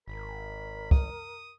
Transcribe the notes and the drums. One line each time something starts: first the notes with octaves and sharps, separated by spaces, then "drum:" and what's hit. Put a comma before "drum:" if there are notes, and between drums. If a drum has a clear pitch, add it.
G#1 A#4 B5
D#6, drum: kick